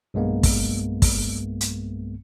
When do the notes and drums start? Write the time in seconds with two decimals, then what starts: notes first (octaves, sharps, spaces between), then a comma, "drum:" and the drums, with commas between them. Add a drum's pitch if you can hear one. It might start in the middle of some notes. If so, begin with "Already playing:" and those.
0.14 B1 G2 G#3 A#3 B3
0.43 drum: kick, open hi-hat
1.02 drum: kick, open hi-hat
1.61 drum: hi-hat